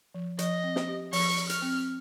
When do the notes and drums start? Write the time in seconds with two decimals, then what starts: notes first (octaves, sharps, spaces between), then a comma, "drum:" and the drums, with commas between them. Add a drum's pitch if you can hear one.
0.15 F3
0.39 F3 D#5, drum: hi-hat
0.63 C4
0.76 drum: snare
0.88 G4
1.13 F3 C#6, drum: open hi-hat
1.38 F3
1.49 F6, drum: hi-hat
1.62 C4